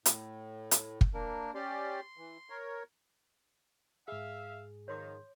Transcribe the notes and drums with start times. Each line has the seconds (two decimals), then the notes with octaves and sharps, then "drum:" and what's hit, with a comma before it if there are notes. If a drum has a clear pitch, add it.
0.06 A2, drum: hi-hat
0.71 drum: hi-hat
1.01 drum: kick
1.14 A#3 D4 A#4
1.55 C#4 G4 D5 C6
2.17 E3
2.50 A#4 C#5
4.08 G#2 G#4 E5 F5
4.88 D#3 F3 C#5 C6 D6